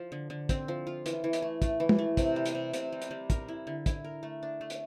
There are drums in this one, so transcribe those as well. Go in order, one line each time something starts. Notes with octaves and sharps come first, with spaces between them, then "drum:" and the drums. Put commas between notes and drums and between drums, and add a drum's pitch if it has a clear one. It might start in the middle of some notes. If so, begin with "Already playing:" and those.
Already playing: F3
D3
D3
C4, drum: kick, hi-hat
F3
F4
E3, drum: hi-hat
E3
drum: hi-hat
A3
A3, drum: kick, hi-hat
E3
drum: tom
A3
C3, drum: kick, hi-hat
G3
drum: hi-hat
C3
C3, drum: hi-hat
G3
drum: hi-hat
G3
A#4, drum: kick, hi-hat
E4
D3
E4, drum: kick, hi-hat
A#4
A3
D4
A3
drum: hi-hat